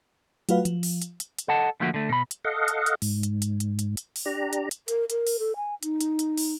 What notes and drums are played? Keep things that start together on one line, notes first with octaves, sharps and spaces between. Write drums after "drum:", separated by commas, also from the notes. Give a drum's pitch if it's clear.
F#3 A3 F4 F#4 B4 F5, drum: hi-hat
F3, drum: hi-hat
drum: open hi-hat
drum: hi-hat
drum: hi-hat
drum: hi-hat
A4 D#5 F#5 A5
D3 F3 A3 A#3 F#4
D3 A3
B2 B5
drum: hi-hat
A4 D#5 F5 F#5
drum: hi-hat
drum: hi-hat
G#2, drum: open hi-hat
drum: hi-hat
drum: hi-hat
drum: hi-hat
drum: hi-hat
drum: hi-hat
drum: open hi-hat
D4 G4 A#5
drum: hi-hat
drum: hi-hat
A#4, drum: hi-hat
A#4, drum: hi-hat
drum: open hi-hat
A4
G#5
D#4, drum: hi-hat
drum: hi-hat
drum: hi-hat
drum: open hi-hat